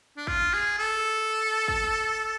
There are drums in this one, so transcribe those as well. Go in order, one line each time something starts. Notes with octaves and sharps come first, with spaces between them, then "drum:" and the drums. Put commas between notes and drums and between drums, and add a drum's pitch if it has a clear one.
D4
F4, drum: kick G#1
G#4
A4
drum: kick G#1